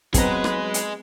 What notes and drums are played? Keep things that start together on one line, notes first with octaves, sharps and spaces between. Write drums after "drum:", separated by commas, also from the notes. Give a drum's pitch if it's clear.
F#3 B3 C4 G#4 B4 D#5 A#5, drum: kick, hi-hat
drum: rim click
drum: hi-hat